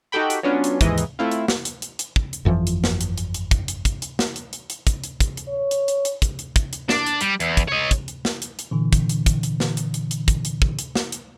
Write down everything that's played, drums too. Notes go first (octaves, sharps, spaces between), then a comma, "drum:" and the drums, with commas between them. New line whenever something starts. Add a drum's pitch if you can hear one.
D#4 F#4 G4 A4 G5 B5
drum: hi-hat
F#3 B3 C#4 D4 F4
drum: hi-hat
D#2 G#2 E3 D#5, drum: kick, hi-hat
drum: hi-hat
A3 C4 E4 F4
drum: hi-hat
drum: snare
drum: hi-hat
drum: hi-hat
drum: hi-hat
drum: kick
drum: hi-hat
G1 F2 E3 F3
drum: hi-hat
drum: snare
drum: hi-hat
drum: hi-hat
drum: hi-hat
drum: kick, hi-hat
drum: hi-hat
drum: kick, hi-hat
drum: hi-hat
drum: snare
drum: hi-hat
drum: hi-hat
drum: hi-hat
drum: kick, hi-hat
drum: hi-hat
drum: kick, hi-hat
drum: hi-hat
C#5
drum: hi-hat
drum: hi-hat
drum: hi-hat
drum: kick, hi-hat
drum: hi-hat
drum: kick, hi-hat
drum: hi-hat
D4, drum: snare
drum: hi-hat
G3, drum: hi-hat
E2, drum: hi-hat
drum: kick, hi-hat
C#5 D#5
drum: kick, hi-hat
drum: hi-hat
drum: snare
drum: hi-hat
drum: hi-hat
A#2 D3 E3
drum: kick, hi-hat
drum: hi-hat
drum: kick, hi-hat
drum: hi-hat
drum: snare
drum: hi-hat
drum: hi-hat
drum: hi-hat
drum: kick, hi-hat
drum: hi-hat
drum: kick
drum: hi-hat
drum: snare
drum: hi-hat